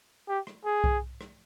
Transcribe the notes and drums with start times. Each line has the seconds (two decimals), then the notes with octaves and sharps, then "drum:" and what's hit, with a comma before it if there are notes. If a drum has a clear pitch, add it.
0.28 G4
0.47 drum: rim click
0.65 G#4
0.84 drum: kick B1
1.21 drum: rim click